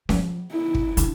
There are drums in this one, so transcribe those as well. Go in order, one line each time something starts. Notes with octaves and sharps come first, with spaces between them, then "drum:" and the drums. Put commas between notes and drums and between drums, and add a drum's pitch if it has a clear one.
F3, drum: snare C#4
E4
drum: kick
D3, drum: hi-hat